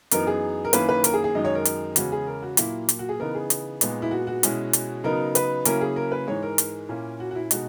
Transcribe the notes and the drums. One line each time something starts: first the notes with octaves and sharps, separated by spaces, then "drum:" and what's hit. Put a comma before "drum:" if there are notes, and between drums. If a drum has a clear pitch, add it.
F#2 E3 B3 D#4 A#4, drum: hi-hat
G#4
A#4
F#2 D#3 A#3 C#4 E4 B4, drum: hi-hat
B4
A#4, drum: hi-hat
G#4
G#4
F#2 D#3 G#3 D#4 D#5
C#5
A#4
drum: hi-hat
E2 C#3 G#3 C#4 F#4, drum: hi-hat
G#4
A#4
F#4
A#2 F#3 A#3 E4, drum: hi-hat
drum: hi-hat
F#4
G#4
C#3 E3 B3 D#4 A#4
G#4
drum: hi-hat
A#2 G#3 B3 D#4, drum: hi-hat
E4
F#4
F#4
B2 G#3 C#4 E4, drum: hi-hat
drum: hi-hat
C#3 F#3 B3 D#4 A#4
B4, drum: hi-hat
C#3 F#3 A#3 C#4 E4 A#4, drum: hi-hat
G#4
A#4
B4
G#2 E3 G#3 C#5
A#4
drum: hi-hat
A#2 A#3 C#4 E4
F#4
F#4
E4
B2 G#3 D#4 F#4, drum: hi-hat